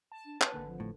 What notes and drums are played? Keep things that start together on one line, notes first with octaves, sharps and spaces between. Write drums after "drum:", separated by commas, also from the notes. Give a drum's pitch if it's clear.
A5
D4
B4 C#5 G#5 A5, drum: clap
G#1 D3 A#3
F3
A2